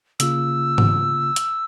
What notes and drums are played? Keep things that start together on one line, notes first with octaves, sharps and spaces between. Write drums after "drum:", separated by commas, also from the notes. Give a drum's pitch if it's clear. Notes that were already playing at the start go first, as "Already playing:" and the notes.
C#3 A#3 F4 E6, drum: hi-hat
drum: tom G#2
drum: hi-hat